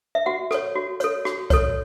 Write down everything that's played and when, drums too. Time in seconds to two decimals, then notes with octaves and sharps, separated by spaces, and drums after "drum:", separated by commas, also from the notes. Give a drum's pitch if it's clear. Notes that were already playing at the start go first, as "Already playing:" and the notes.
0.15 E5
0.26 F#4 F#5
0.51 A4 C#5, drum: rim click
0.76 F#4
1.00 A4 C#5, drum: hi-hat
1.25 F#4, drum: rim click
1.50 A4 C#5, drum: kick C2, hi-hat